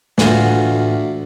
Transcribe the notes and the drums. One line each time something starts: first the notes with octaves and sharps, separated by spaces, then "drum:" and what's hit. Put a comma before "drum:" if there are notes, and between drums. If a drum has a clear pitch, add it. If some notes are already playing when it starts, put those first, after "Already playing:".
D2 A2 E3 F4 F#4, drum: snare